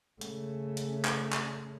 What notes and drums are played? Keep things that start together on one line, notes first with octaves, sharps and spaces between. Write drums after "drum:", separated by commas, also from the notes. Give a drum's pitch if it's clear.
C#3 A3, drum: hi-hat
drum: hi-hat
drum: clap
drum: clap